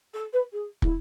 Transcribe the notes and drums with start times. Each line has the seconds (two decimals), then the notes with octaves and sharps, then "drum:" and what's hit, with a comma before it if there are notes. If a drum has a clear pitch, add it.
0.14 A4
0.33 B4
0.52 G#4
0.82 E4, drum: kick